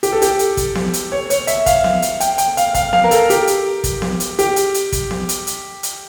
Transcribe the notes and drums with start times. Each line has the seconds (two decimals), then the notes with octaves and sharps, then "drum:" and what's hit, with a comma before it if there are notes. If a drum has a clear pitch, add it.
0.03 G4, drum: hi-hat
0.12 A4
0.22 G4, drum: hi-hat
0.39 drum: hi-hat
0.57 drum: kick, hi-hat
0.75 drum: snare B3
0.93 drum: hi-hat
1.12 C#5
1.30 C#5, drum: hi-hat
1.47 E5, drum: hi-hat
1.66 F5, drum: kick, hi-hat
1.84 drum: snare B3
2.02 drum: hi-hat
2.20 G5, drum: hi-hat
2.38 G5, drum: hi-hat
2.57 F5, drum: hi-hat
2.74 F5, drum: kick, hi-hat
2.93 F5, drum: snare B3
3.04 A#4
3.11 A4, drum: hi-hat
3.30 G4, drum: hi-hat
3.47 drum: hi-hat
3.84 drum: kick, hi-hat
4.02 drum: snare B3
4.20 drum: hi-hat
4.39 G4, drum: hi-hat
4.56 drum: hi-hat
4.74 drum: hi-hat
4.92 drum: kick, hi-hat
5.11 drum: snare B3
5.29 drum: hi-hat
5.47 drum: hi-hat
5.83 drum: hi-hat